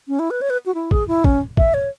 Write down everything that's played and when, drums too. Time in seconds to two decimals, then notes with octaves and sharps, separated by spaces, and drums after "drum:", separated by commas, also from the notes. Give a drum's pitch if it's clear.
0.08 C#4
0.19 E4
0.30 B4
0.41 C#5
0.50 B4
0.66 F#4
0.74 E4
0.91 G#4, drum: kick
1.08 E4
1.24 C#4, drum: kick
1.57 E5, drum: kick
1.74 C#5